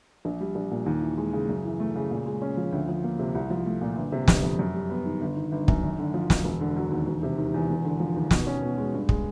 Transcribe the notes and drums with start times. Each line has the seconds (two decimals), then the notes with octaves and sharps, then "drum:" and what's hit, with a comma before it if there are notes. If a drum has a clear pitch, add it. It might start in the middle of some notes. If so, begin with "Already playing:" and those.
0.25 A#1
0.41 G3
0.55 A#1
0.71 A#2
0.86 D#2
1.02 E3
1.17 G#3
1.33 C#3
1.49 F#2
1.64 E3
1.80 A3
1.96 C#3
2.11 A#2
2.26 G#3
2.42 C#4
2.57 F3
2.72 D2
2.89 F3
3.04 A#3
3.19 C3
3.35 C2
3.50 F3
3.66 A3
3.81 A#2
3.97 G1
4.12 C3
4.28 G1, drum: snare
4.43 F2
4.59 F#2
4.74 G3
4.90 B3
5.05 D#3
5.21 G1
5.36 D#3
5.52 G1
5.68 F#2, drum: kick
5.83 G#1
5.99 D3
6.14 F3
6.30 F#2, drum: snare
6.45 E1
6.61 D3
6.76 F#3
6.91 D#2
7.07 E1
7.23 C3
7.38 D#3
7.54 E2
7.70 E1
7.84 D3
8.00 F3
8.16 D#2
8.31 B2, drum: snare
8.47 C#4
8.62 B2
8.78 G#3
8.93 G2
9.09 G#3, drum: kick